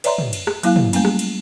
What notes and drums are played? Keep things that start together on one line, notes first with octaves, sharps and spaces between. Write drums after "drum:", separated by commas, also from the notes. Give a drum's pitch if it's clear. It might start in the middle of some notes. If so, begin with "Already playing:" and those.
B4 C#5 D5 E5 A#5 C6, drum: cymbal
drum: tom
drum: cymbal
drum: rim click
F#3 A#3 E4 F5 F#6, drum: cymbal
drum: tom
G3 A3 A#3 C#4, drum: cymbal
drum: rim click
drum: cymbal